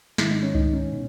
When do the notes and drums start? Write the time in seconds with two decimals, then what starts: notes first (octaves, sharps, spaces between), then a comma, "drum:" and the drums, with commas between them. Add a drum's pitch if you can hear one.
0.18 G#2 D#3 G#3 E4, drum: snare
0.31 D#4
0.43 C#4
0.55 D#4, drum: kick C#2
0.73 C#4
0.92 B2